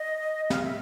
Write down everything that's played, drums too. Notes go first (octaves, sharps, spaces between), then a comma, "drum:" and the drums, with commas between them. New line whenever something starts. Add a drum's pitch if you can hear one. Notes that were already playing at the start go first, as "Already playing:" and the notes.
Already playing: D#5
F5, drum: snare
E5